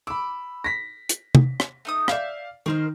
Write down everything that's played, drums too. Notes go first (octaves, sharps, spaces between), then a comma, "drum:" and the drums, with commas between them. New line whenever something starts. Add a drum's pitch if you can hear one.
B5 D6 E6
A#6 B6
drum: hi-hat
drum: tom C3
drum: rim click
A3 D#4 D#6
D5 E5 F5 G6, drum: rim click
D#3 D#4 A#4 C5 F6